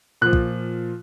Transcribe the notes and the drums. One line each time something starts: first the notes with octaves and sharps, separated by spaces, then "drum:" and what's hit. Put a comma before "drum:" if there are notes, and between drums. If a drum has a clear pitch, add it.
A#2 F3 F#6
drum: kick